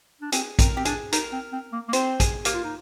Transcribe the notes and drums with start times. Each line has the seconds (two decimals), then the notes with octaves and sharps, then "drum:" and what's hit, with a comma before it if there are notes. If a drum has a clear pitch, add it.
0.21 D4
0.32 C4 G#4, drum: hi-hat
0.59 C4 A#4, drum: kick A#1, hi-hat
0.77 C4 G4
0.85 D4 G#4, drum: hi-hat
1.12 D#4 A#4, drum: hi-hat
1.33 C4
1.52 C4
1.72 A#3
1.89 A#3
1.93 C4 C5, drum: hi-hat
2.20 G#4, drum: kick A#1, hi-hat
2.45 A#3 G4, drum: hi-hat
2.54 F4
2.64 D#4